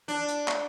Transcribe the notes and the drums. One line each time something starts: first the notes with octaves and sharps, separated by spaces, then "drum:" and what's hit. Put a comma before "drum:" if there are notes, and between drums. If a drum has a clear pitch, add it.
D4, drum: hi-hat
drum: hi-hat
drum: clap